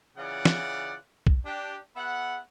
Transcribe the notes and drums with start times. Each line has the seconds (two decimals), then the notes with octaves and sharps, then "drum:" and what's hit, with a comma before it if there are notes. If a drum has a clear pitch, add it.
0.17 C#3 E3 F4 C#5 D5 F#5
0.45 drum: snare
1.27 drum: kick B1
1.45 D4 G4
1.96 B3 G#4 E5 F#5